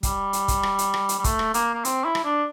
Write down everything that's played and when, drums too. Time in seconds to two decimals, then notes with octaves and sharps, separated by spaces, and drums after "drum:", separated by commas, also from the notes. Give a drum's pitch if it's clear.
0.03 G3, drum: kick, hi-hat
0.33 drum: hi-hat
0.48 drum: kick, hi-hat
0.63 drum: rim click
0.78 drum: hi-hat
0.94 drum: rim click
1.09 drum: hi-hat
1.18 G3
1.24 A3, drum: kick, hi-hat
1.39 drum: rim click
1.54 A#3, drum: hi-hat
1.74 A#3
1.85 C4, drum: hi-hat
2.05 E4
2.15 drum: rim click
2.24 D4